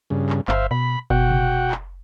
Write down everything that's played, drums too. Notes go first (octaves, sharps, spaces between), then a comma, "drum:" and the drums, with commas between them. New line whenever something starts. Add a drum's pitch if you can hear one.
G2 C#3
drum: clap
G1 C5 E5 F5, drum: clap
B2 B5
B2 F#4 F#5 G5, drum: kick F#1
drum: tom C3
drum: clap